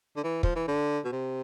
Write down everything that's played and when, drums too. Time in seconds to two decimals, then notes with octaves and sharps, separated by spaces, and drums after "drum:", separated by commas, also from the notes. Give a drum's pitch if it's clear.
0.16 D3
0.24 E3
0.43 F3, drum: kick
0.56 E3
0.68 D3
1.05 B2
1.12 C3